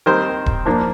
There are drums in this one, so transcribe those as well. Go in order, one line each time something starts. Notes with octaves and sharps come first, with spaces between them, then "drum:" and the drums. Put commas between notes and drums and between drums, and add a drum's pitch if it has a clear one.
D#3 G3 C4 A#4 C5
drum: kick D#1
F3 A#3 D4